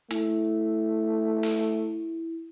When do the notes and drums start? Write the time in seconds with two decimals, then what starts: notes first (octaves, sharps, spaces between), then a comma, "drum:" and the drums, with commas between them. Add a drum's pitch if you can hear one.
0.11 A3 E4, drum: hi-hat
1.43 drum: open hi-hat